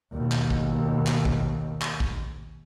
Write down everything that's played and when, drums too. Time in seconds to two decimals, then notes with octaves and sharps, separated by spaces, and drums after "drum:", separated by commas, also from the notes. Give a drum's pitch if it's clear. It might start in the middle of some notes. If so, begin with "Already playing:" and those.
0.13 D#2 B2
0.32 drum: clap
0.50 drum: kick A#1
1.07 drum: clap
1.25 drum: kick A#1
1.82 drum: clap
2.00 drum: kick A#1